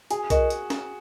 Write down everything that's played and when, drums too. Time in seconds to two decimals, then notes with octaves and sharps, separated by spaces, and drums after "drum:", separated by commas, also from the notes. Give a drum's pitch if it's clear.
0.11 F#4 G#4, drum: hi-hat
0.30 F#4 A#4 D#5, drum: kick B1, hi-hat
0.50 drum: hi-hat
0.70 drum: snare